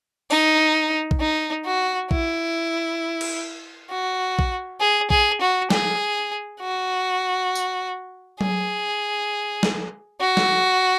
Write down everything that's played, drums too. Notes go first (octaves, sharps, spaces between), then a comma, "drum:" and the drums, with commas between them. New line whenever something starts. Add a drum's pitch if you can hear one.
D#4, drum: open hi-hat
drum: kick A#1
D#4
F#4
E4, drum: kick A#1
drum: cymbal
F#4
drum: kick A#1
G#4
G#4, drum: kick A#1
F#4
G#4, drum: snare
F#4
drum: tambourine
G#4, drum: tom F#3
drum: snare
F#4
drum: snare